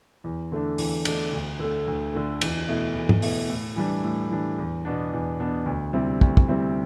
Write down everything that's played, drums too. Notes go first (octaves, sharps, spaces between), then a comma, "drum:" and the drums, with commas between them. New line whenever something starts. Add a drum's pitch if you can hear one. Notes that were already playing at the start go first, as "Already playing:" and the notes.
E2
D3 A3 D4
E2, drum: open hi-hat
D3 A3 D4, drum: cymbal
D2
D3 A3
D2
D3 A3
E2, drum: cymbal
B2 A3 E4
E2
drum: tom G#2
B2 A3 E4, drum: open hi-hat
A2
E3 G3 D4
A2
E3 G3 D4
E2
B2 B3 D4
E2
B2 B3 D4
D2
C3 G3 C4 E4
D2, drum: kick
drum: kick
C3 G3 C4 E4